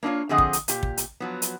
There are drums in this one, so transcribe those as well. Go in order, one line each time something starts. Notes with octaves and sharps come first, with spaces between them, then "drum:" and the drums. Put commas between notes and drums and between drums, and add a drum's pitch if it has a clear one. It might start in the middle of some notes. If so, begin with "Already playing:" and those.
A#3 D4 E4 F4 C#5
D3 F3 C4 G#4 D#5 F#5
drum: kick
drum: hi-hat
A#2 G4, drum: hi-hat
drum: kick
drum: hi-hat
F3 F#3 B3
drum: hi-hat